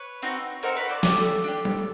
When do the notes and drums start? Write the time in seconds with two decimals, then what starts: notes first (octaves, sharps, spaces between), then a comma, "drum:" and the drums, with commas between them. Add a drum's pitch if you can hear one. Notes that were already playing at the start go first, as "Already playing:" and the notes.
Already playing: B4 C#5
0.22 C4 D#4 F#4
0.63 C4 D#4 F#4 A#4 C5
0.77 B4 C#5
0.90 C5 D5
1.03 D4 G4 A4, drum: snare
1.44 D4 G4
1.65 drum: tom